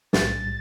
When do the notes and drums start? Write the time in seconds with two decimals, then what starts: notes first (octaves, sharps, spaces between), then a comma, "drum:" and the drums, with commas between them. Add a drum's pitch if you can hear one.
0.13 B1 A2 G3 A6, drum: snare